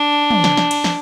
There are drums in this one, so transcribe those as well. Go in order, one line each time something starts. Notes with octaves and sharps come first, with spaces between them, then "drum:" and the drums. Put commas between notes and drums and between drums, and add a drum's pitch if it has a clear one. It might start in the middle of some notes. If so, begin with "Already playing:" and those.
Already playing: D4
drum: tom
drum: snare
drum: snare
drum: cymbal
drum: snare